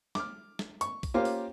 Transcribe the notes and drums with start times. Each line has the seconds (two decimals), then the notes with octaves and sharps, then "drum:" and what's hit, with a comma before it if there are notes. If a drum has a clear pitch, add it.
0.15 D6 F6, drum: snare
0.59 drum: snare
0.81 C#6, drum: hi-hat
1.03 drum: kick B1, open hi-hat
1.14 A#3 C#4 F4 G4 C5 F5
1.25 drum: open hi-hat